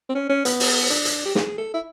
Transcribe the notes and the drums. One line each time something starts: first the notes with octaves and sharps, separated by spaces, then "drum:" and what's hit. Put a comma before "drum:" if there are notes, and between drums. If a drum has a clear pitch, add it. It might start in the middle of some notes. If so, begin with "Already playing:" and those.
C4
C#4
C#4
B3, drum: hi-hat
drum: open hi-hat
D4, drum: hi-hat
drum: hi-hat
G4
G#4, drum: snare
A4
E4